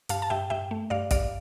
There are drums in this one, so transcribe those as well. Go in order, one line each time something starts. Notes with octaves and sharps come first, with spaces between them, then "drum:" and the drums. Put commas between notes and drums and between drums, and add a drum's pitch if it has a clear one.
G2 F5 A5, drum: hi-hat
A5
G2 E5 G5
G2 E5 G5
A3
G2 D5 F5
G2 D5 F5, drum: kick, hi-hat